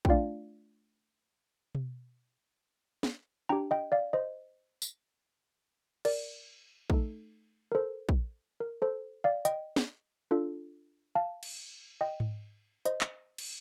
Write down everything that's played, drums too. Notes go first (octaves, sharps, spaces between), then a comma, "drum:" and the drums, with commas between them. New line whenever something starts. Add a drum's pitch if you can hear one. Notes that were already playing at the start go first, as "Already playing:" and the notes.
G5, drum: kick
A3 D4 F4 D5 F5
drum: tom B2
drum: snare
D4 G4 G5 A#5
D#5 G5
D5 F5
C5 D#5
drum: tambourine
A#4 D5, drum: cymbal
A3 D#4 A4, drum: kick
A#4
A4 C5
drum: kick
A#4
A4 C5
D5 F5
D#5 G5, drum: hi-hat
drum: snare
D4 F4 A4
F5 A5
drum: cymbal
D#5 G5
drum: tom G#2
C5 D#5, drum: hi-hat
drum: clap
drum: cymbal